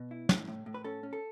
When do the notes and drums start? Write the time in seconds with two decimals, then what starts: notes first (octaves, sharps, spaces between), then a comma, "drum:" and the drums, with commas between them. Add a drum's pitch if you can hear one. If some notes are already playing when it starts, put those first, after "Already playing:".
Already playing: B2
0.11 E4
0.29 A2, drum: snare
0.48 A2
0.66 A2
0.74 B4
0.84 C#4 A4
1.03 C#4
1.13 A4